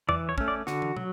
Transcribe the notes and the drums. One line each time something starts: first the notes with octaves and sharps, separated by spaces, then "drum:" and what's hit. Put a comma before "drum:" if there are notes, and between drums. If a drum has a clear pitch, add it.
E3 D5, drum: tom E2
C#5
A3 C#4, drum: kick
D5
D3 F#4, drum: snare
drum: tom
F#3, drum: tom